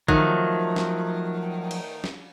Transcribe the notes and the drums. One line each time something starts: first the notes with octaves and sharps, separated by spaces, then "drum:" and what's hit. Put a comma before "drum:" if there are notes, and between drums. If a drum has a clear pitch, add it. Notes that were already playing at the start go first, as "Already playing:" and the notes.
D#3 F3 F#3 A3, drum: kick
drum: snare
drum: cymbal
drum: snare